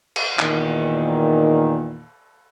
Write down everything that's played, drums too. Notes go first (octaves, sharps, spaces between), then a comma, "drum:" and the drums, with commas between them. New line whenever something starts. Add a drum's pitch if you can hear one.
drum: cymbal
E2 A#2 D#3, drum: clap